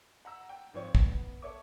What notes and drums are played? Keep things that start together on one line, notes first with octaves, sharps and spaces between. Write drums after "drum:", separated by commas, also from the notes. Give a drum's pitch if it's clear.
F#5 A#5 E6
G5
G#1 F3 C4 C#5
B3, drum: kick
A4 C#5 E5 D6